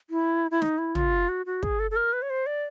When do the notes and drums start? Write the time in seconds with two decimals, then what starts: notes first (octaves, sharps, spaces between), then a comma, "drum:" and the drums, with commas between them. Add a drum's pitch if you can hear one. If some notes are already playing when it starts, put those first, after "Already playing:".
0.10 E4
0.51 E4
0.62 D#4, drum: snare
0.78 E4
0.95 F4, drum: tom
1.29 F#4
1.46 F#4
1.63 G#4, drum: kick
1.79 A4
1.91 A4
1.96 A#4
2.13 B4
2.22 C#5
2.30 C5
2.46 D5